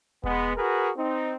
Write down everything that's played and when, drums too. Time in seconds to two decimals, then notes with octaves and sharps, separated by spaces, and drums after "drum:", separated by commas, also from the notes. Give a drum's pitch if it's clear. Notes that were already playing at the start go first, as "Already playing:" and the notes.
0.24 G#3 B3, drum: kick E1
0.56 F#4 G#4 A#4 B4
0.96 C4 D#4